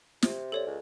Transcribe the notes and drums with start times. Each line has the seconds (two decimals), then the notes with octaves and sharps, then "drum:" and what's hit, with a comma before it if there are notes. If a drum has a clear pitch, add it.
0.22 C3, drum: snare
0.52 A4 C#5 D5
0.67 C#2